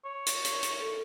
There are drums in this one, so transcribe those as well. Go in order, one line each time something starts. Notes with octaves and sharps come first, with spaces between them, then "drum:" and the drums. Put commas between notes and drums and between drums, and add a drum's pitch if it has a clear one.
C#5
drum: hi-hat
drum: hi-hat
drum: hi-hat
A4